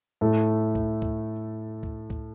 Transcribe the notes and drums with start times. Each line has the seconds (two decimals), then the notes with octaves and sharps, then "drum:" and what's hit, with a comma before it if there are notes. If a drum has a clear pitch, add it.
0.21 A2 A3
0.75 drum: kick C#2
1.02 drum: kick C#2
1.83 drum: kick C#2
2.10 drum: kick C#2